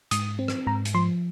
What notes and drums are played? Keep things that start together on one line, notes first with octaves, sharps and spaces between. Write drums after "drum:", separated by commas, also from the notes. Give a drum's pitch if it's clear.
G#2 D#6, drum: hi-hat
C4
drum: rim click
G#2 A#5
drum: hi-hat
F3 C6